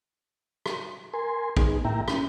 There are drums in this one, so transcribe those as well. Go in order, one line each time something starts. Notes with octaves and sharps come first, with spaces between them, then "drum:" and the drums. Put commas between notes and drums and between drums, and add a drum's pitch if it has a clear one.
drum: rim click
A#4 G#5 C6
B3 D#4 G#4, drum: kick
A2 A#3 E4 E5 G5 A#5
C#4, drum: rim click